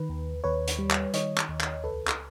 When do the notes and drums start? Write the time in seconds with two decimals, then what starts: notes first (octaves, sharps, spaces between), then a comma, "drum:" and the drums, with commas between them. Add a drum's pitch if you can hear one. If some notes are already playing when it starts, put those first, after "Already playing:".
Already playing: D#3 B4
0.10 D#2
0.44 D#2 B4 C#5
0.67 drum: hi-hat
0.79 G3
0.91 drum: clap
1.13 D#3 C#5 D#5, drum: hi-hat
1.37 drum: clap
1.48 D#2
1.61 drum: clap
1.84 C#2 A4 B4
2.07 drum: clap